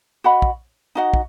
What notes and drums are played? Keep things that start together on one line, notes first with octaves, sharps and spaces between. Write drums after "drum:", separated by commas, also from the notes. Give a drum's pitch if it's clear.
F#4 D#5 F#5 B5
drum: kick
D#4 F#4 D#5 F#5
drum: kick